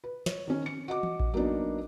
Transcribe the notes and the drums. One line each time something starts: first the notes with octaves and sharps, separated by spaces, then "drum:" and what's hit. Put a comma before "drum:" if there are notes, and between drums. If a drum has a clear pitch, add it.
B4
C#5, drum: snare
D#3 C#4
C#7
F#4 D#5 D6
drum: tom E3
drum: kick A1
F#3 A#3 B3 D4 D#4